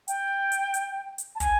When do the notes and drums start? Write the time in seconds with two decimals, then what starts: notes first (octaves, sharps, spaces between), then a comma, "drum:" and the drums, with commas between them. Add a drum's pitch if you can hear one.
0.08 G5, drum: hi-hat
0.52 drum: hi-hat
0.74 drum: hi-hat
1.18 drum: hi-hat
1.35 A5
1.40 G#5, drum: kick, hi-hat